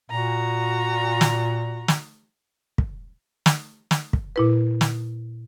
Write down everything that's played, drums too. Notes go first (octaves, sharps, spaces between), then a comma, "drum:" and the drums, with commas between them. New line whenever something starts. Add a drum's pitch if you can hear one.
A#2 F#4 A#5
drum: snare
drum: snare
drum: kick
drum: snare
drum: snare
drum: kick
A#2 E4 B4
drum: snare